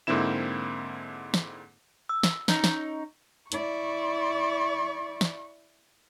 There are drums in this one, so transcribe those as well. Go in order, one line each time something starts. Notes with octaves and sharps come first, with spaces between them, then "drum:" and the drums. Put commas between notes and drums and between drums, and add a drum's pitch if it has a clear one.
G#2 D3 A#3 C4 E4 E7
drum: snare
E6
drum: snare
C#4 D#4, drum: snare
drum: snare
E4 D5 C#6, drum: hi-hat
drum: snare